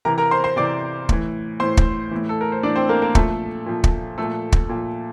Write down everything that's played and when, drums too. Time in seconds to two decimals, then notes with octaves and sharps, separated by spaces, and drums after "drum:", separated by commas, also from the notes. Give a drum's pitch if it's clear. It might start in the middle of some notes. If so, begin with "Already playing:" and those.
0.05 C3 E3 A#4 A#5
0.18 A#4 A#5
0.31 C5 C6
0.44 C5 C6
0.56 C3 E3 D5 D6
1.09 A2 E3, drum: kick
1.60 A2 E3 C5 C6
1.77 drum: kick
2.11 A2 E3
2.29 A4
2.41 A#4
2.52 C5
2.63 A2 E3 D4 D5
2.76 C4 C5
2.89 A#3 A#4
3.02 A#3 A#4
3.15 A#2 F3 A3 A4, drum: kick
3.66 A#2 F3
3.84 drum: kick
4.18 A#2 F3 A3 A4
4.52 drum: kick
4.69 A#2
4.74 F3